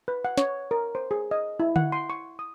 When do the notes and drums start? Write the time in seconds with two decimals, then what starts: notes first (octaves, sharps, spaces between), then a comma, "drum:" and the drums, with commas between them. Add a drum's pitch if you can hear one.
0.08 B4
0.25 F#5
0.38 C#5, drum: snare
0.71 A#4
0.95 C5
1.11 G#4
1.31 D#5
1.60 E4
1.76 F#5, drum: tom D3
1.92 C6
2.10 C#6
2.39 D#6